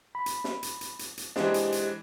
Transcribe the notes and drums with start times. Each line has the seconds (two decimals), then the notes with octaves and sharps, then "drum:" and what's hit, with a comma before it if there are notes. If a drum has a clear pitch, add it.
0.15 B5
0.26 drum: hi-hat
0.44 drum: snare
0.63 drum: hi-hat
0.81 drum: hi-hat
0.99 drum: hi-hat
1.17 drum: hi-hat
1.36 E3 G#3 D4 G4 C5 D#5, drum: snare
1.54 drum: hi-hat
1.72 drum: hi-hat